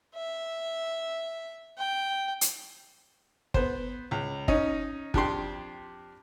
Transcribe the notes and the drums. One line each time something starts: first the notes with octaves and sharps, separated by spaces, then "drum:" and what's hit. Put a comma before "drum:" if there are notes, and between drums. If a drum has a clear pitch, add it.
E5
G5
drum: hi-hat
B3 C5, drum: kick
C#2
C#4 D#4 D#5, drum: kick
F2 D4 G4 C6, drum: kick